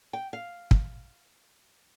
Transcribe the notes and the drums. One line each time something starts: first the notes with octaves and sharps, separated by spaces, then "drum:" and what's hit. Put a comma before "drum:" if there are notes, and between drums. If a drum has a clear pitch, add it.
G5
F5
drum: kick